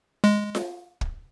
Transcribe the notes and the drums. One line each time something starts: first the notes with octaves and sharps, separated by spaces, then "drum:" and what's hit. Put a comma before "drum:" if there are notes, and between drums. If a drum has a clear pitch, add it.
G#3
drum: snare F4
drum: kick